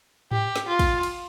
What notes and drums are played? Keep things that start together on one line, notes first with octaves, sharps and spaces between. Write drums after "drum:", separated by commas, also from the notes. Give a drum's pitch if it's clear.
G4, drum: tom G#2
drum: snare
F4
drum: kick, cymbal
drum: cymbal